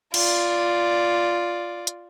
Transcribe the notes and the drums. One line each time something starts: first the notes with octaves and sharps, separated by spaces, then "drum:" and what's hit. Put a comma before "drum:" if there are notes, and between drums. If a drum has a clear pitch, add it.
F4 D5, drum: cymbal
drum: hi-hat